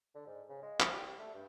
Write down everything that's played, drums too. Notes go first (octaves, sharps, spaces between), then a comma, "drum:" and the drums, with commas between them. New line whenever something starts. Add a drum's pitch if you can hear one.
D3
G#2
C#3
G#3
F3, drum: clap
G4
G3
A3
G2